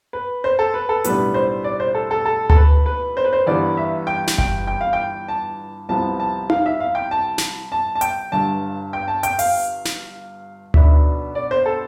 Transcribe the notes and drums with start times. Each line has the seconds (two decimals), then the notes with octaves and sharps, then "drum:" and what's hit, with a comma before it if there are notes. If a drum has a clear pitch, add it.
0.13 B4
0.44 C5
0.59 A4
0.74 B4
0.89 A4
1.04 B1 A2 G3 B3 D4 B4, drum: hi-hat
1.34 C5
1.64 D5
1.80 C5
1.95 A4
2.11 A4
2.25 A4
2.50 A4, drum: tom D2
2.56 B4
2.86 B4
3.17 C5
3.25 B4
3.33 C5
3.46 G1 G2 E3 G3 B3 D5
3.77 E5
4.07 G5
4.27 drum: snare
4.38 G5, drum: kick F#1
4.67 G5
4.81 F5
4.93 G5
5.28 A5
5.89 C2 C3 F3 B3 A5
6.20 A5
6.50 F5, drum: tom D#4
6.66 E5
6.80 F5
6.95 G5
7.11 A5
7.38 drum: snare
7.72 A5
7.95 A5
8.01 G5, drum: hi-hat
8.32 G1 G2 D3 A5
8.93 G5
9.08 A5
9.23 G5, drum: hi-hat
9.39 F5, drum: open hi-hat
9.85 drum: snare
10.74 B1 B2 B3 D4 E5, drum: tom D2
11.35 D5
11.51 C5
11.66 A4